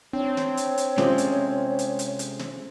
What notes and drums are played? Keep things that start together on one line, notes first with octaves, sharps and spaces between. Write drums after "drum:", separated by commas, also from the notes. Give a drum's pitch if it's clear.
C4 D4 C#5
drum: snare
drum: hi-hat
drum: hi-hat
C3 G#3 A3 C#4 F4 C5, drum: snare
drum: hi-hat
drum: hi-hat
drum: hi-hat
drum: hi-hat
drum: snare